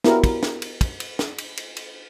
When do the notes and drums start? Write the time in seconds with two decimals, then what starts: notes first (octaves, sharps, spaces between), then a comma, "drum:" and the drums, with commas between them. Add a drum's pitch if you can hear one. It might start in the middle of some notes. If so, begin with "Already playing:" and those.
0.04 B3 E4 F#4 G4 A#4 C#5, drum: snare
0.24 drum: kick, cymbal
0.43 drum: snare
0.62 drum: cymbal
0.81 drum: kick, cymbal
1.00 drum: cymbal
1.19 drum: snare
1.38 drum: cymbal
1.57 drum: cymbal
1.76 drum: cymbal